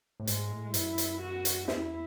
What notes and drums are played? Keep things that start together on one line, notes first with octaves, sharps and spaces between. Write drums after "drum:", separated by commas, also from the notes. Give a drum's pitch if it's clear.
A2
G#2 G#3, drum: hi-hat
A2
F#2 E4, drum: hi-hat
drum: hi-hat
F#4
drum: hi-hat
E2 E4, drum: snare